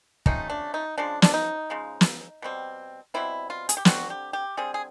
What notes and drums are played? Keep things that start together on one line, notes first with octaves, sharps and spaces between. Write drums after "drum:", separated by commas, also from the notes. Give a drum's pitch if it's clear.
C3 F3 A3 C#4 D#4, drum: kick
D4
D#4
C#3 F3 G#3 D4
D4, drum: snare
D#4
C#3 F3 G#3
drum: snare
B2 G3 C4
B2 G3 C4 E4
F4
G#4, drum: hi-hat
G4
D3 G3 C4 F#4, drum: snare
G4
G4
D3 G3 C4 G#4
G#4